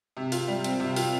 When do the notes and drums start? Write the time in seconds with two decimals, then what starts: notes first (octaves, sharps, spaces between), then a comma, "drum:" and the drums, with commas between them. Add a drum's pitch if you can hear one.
0.17 C3
0.32 F4, drum: open hi-hat
0.48 G3
0.64 C4, drum: hi-hat
0.80 C3
0.96 F4, drum: open hi-hat